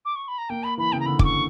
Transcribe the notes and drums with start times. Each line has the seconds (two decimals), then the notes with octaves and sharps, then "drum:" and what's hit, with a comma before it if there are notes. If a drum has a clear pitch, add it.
0.05 D6
0.15 C#6
0.28 B5
0.38 A#5
0.49 A#3 G5
0.63 B5
0.78 E3 B5
0.92 C#3 G5
1.00 A#5
1.06 D3 B5
1.19 D6, drum: kick
1.24 C#6